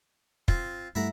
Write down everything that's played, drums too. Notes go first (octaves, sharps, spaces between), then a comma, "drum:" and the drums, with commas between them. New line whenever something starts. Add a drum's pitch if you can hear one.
C4 F4, drum: kick
G2 G3 A3 E4 F#5 A#5